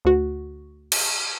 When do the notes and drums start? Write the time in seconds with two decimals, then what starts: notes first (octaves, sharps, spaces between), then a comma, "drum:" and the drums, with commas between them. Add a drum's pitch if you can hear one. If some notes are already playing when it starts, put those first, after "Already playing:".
0.05 D2 F#4
0.92 drum: cymbal